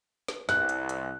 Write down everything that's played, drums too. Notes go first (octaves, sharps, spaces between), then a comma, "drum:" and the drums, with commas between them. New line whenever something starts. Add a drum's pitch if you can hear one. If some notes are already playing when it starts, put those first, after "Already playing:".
drum: snare
C2 F#6, drum: snare
drum: hi-hat
drum: hi-hat